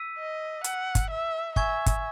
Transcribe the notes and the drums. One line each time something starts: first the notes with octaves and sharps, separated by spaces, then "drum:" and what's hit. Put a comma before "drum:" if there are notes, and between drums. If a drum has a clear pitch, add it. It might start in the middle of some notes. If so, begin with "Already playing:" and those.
Already playing: E6 B6 D#7
D#5
F#5, drum: hi-hat
drum: kick, hi-hat
E5
E5 G#5 C#6 G#6, drum: kick
drum: kick, hi-hat